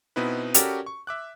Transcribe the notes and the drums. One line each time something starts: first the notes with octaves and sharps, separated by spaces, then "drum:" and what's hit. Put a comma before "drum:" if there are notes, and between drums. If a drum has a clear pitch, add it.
B2 B3 C4 D#4 E4 B4
C#4 F#4 G4 A4 A#4 D5, drum: hi-hat
C#6
E5 D6 F#6